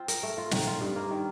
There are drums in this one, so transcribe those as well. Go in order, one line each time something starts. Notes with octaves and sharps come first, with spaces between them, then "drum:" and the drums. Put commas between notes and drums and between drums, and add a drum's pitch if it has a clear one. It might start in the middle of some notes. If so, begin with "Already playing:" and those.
Already playing: C4 F4
A#4, drum: hi-hat
A3
F4
D#3, drum: snare
F4
G2
A#3
D#3